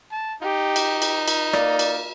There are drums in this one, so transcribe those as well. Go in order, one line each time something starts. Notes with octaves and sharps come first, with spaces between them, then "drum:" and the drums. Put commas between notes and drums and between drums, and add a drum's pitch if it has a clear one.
A5
D#4 G4
drum: cymbal
drum: cymbal
drum: cymbal
A#3 D5, drum: rim click
drum: cymbal